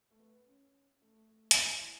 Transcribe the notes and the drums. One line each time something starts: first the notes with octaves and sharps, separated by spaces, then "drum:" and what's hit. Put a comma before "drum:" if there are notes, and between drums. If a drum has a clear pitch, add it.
A3
B3
C#4
A3
A3
F#3, drum: hi-hat
G#3
E3